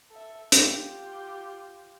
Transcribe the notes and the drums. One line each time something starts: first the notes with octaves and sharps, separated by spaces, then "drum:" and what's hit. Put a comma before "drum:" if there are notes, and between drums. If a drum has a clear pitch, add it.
A4 E5
F4 G4, drum: hi-hat